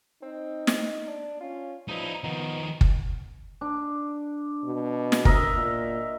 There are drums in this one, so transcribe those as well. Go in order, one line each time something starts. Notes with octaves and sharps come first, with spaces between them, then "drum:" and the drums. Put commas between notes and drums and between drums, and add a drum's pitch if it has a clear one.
C4 D#4
drum: snare
D4
C#4 F4
G2 F3 D#4 E4
D#3 F3 B3 D#4
drum: kick
D4
B2
drum: snare
A#4 D#5 E5, drum: kick
A#2